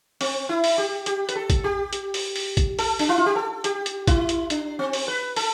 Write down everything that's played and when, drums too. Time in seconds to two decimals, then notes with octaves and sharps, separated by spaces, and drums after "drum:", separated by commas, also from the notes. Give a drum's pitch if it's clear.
0.21 C4, drum: open hi-hat
0.49 E4
0.64 drum: open hi-hat
0.78 G4
1.06 G4, drum: hi-hat
1.29 B4, drum: hi-hat
1.36 A4
1.50 drum: kick A1, hi-hat
1.64 G4
1.93 drum: hi-hat
2.14 drum: open hi-hat
2.36 drum: open hi-hat
2.57 drum: kick A1, hi-hat
2.79 A4, drum: open hi-hat
2.99 D4, drum: open hi-hat
3.09 E4
3.18 F4
3.26 G4
3.36 A4
3.64 G4, drum: hi-hat
3.86 drum: hi-hat
4.07 E4, drum: kick A1, hi-hat
4.29 drum: hi-hat
4.50 D4, drum: hi-hat
4.79 C4
4.93 drum: open hi-hat
5.08 B4
5.36 A4, drum: open hi-hat